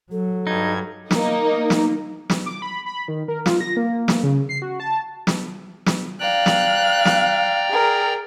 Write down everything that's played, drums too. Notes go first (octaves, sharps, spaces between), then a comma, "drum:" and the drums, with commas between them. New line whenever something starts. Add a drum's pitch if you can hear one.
F#3 A4
G2 D#4 G#6
A#3 D#4, drum: snare
drum: snare
drum: snare
D6
B5
B5
D#3
A#4
F4, drum: snare
A#6
A#3
drum: snare
C#3
C7
F#4
A5
drum: snare
drum: snare
D5 F5 G5 A#5 F#6
drum: snare
drum: snare
G#4 A#4